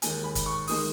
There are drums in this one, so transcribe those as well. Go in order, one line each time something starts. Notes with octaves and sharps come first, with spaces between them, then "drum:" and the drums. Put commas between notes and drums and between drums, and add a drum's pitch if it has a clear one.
D#2 D#3 G#3 G#5, drum: hi-hat
B5
drum: kick, hi-hat
C#6
D#3 G#3 D#6, drum: open hi-hat